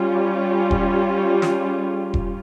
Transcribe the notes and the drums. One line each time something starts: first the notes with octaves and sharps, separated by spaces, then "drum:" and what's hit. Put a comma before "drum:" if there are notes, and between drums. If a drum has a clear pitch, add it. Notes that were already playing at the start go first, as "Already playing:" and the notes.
Already playing: G3 C#4 F4
drum: kick E1
drum: snare
G#4
drum: kick E1